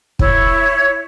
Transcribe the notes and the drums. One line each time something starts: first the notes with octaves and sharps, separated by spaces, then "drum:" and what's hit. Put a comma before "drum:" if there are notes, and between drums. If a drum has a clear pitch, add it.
E4 C#5, drum: kick